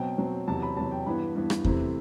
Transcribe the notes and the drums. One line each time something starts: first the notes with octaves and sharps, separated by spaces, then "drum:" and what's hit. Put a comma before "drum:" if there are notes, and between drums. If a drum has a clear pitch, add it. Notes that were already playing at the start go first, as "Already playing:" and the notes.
Already playing: B2 F#3 C4 G5
B2 F#3 C4
E2 C3 F#3 A5
B5
E2 C3 F#3 A5
G5
G2 E3 B3 B5
G2 E3 B3
drum: rim click
C3 E3 A3 C4, drum: kick E2